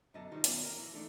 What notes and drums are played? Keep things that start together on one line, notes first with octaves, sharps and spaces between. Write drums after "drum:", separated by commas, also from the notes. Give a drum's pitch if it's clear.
F#2 B2 D3 D#5 A5 A#5
C2 D#3 F3 G3 D#4 F#4
D#2 B2 F#3 B3 C#4 D5, drum: hi-hat
A#4
E3
A3 D4 D#4